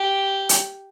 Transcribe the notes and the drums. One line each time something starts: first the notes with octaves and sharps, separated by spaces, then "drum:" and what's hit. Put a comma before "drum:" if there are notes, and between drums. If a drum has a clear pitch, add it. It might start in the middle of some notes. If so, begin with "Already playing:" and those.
Already playing: G4
drum: hi-hat